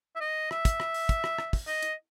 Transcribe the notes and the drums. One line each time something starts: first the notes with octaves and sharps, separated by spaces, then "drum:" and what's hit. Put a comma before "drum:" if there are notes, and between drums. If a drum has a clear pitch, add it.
E5
D#5
E5, drum: rim click
drum: kick, hi-hat
drum: rim click
drum: open hi-hat
drum: kick, hi-hat
drum: rim click
drum: rim click
drum: kick, open hi-hat
D#5, drum: open hi-hat
drum: hi-hat